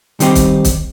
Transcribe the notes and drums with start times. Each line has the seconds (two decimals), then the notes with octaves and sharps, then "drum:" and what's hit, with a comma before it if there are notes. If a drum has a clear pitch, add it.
0.20 D#3 G3 C4 D#4 G4, drum: hi-hat
0.35 drum: kick, hi-hat
0.64 drum: kick, hi-hat